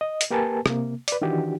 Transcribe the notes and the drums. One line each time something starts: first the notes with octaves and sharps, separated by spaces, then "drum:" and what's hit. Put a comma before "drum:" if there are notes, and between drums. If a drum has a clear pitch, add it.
D#5
drum: hi-hat
A#3 G4 A#4 B4 G#5 A5
C3 A#3, drum: rim click
B4 D5, drum: hi-hat
D#3 E3 D4 F#4 G4